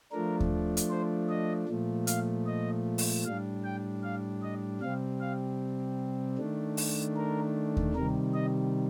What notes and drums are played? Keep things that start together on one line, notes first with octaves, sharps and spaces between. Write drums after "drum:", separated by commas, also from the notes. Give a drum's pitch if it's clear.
F3 A3 D4 A#4
drum: kick D#2
drum: hi-hat
C5
D#5
A#2 F3 A3
F5, drum: hi-hat
D#5
drum: open hi-hat
A2 G3 D4 F5
G5
F5
D#5
C3 G3 C4 F5
F5
D#3 A3 D4
drum: open hi-hat
A#4
drum: kick D#2
C3 D#3 G3 A#4
D#5